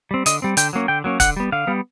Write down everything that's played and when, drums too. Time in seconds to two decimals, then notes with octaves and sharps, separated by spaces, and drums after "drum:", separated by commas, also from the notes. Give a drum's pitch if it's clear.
0.11 G3 C4
0.26 D3 D#5, drum: hi-hat
0.42 G3 C4
0.57 D3 G5, drum: hi-hat
0.73 F#3 A#3 C#4
0.88 D3 G5
1.04 F#3 A#3 C#4
1.20 D3 F#5, drum: kick, hi-hat
1.36 G3 B3
1.52 D3 F5
1.67 G3 B3